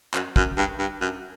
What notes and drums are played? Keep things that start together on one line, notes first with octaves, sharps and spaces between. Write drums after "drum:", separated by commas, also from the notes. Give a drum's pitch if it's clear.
F#2, drum: clap
F#2, drum: kick
G2
G2
F#2